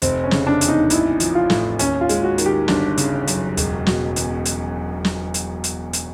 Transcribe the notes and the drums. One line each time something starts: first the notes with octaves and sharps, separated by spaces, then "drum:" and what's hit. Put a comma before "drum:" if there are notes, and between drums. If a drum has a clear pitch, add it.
F1 C4, drum: hi-hat
C#4
C#3, drum: snare
D4
E2, drum: hi-hat
D#4
A1 E4, drum: hi-hat
F3, drum: hi-hat
F4
A2, drum: snare
D#2 C#4, drum: hi-hat
F4
G#3, drum: hi-hat
F#4
D#3, drum: hi-hat
G4
G1 D4, drum: snare
C#3, drum: hi-hat
F#2, drum: hi-hat
E1, drum: hi-hat
B2, drum: snare
E2, drum: hi-hat
drum: hi-hat
drum: snare
drum: hi-hat
drum: hi-hat
drum: hi-hat